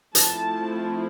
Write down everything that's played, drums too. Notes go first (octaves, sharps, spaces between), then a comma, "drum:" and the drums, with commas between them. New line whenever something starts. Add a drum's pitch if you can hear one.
F3 A3 C4 E4 A5, drum: hi-hat